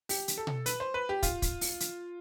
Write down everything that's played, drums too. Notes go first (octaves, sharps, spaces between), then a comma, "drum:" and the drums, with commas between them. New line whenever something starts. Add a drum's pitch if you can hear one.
G4, drum: open hi-hat
drum: hi-hat
A4
drum: tom B2
B4, drum: hi-hat
C5
B4
G4
F4, drum: kick, hi-hat
drum: kick, hi-hat
drum: open hi-hat
drum: hi-hat